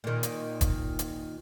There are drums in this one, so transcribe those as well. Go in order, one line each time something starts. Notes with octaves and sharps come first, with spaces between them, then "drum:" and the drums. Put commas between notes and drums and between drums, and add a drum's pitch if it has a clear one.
A#2 D#3
drum: hi-hat
drum: kick, hi-hat
drum: hi-hat